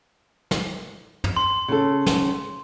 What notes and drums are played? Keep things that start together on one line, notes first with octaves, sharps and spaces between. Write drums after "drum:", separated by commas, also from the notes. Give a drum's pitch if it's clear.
drum: snare
drum: tom
C6
C#3 A4
drum: snare